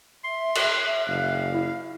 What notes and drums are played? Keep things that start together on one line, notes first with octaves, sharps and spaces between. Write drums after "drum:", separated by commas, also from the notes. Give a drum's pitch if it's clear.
E5 C6
F#6, drum: cymbal
F#1 F5
E4